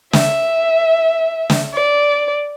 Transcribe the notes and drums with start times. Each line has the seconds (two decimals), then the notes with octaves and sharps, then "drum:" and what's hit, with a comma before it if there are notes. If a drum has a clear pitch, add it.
0.13 E5, drum: snare
1.50 drum: snare
1.74 D5